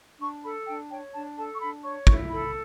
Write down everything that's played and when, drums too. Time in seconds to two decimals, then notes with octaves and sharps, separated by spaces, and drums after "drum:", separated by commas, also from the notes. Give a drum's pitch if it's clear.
0.20 D4 C#6
0.43 A4 B5
0.66 D4 G5
0.90 C#5 G5
1.13 D4 A5
1.37 A4 A5
1.54 C#6
1.60 D4 B5
1.84 C#5 C#6
2.07 E4 C#6, drum: kick
2.30 A4 B5